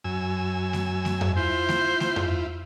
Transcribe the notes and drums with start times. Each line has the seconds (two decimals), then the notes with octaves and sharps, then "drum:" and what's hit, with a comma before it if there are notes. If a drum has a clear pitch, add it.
0.04 F#2 G#5 E6
0.73 drum: snare A3
1.05 drum: snare A3
1.21 drum: tom F2
1.37 E4 F4 C5
1.68 drum: snare A3
2.00 drum: snare A3
2.16 drum: tom F2